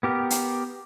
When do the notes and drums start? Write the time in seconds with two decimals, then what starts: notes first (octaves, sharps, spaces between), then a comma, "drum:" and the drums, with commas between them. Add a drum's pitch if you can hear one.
0.03 B3 G4 A#4
0.30 drum: hi-hat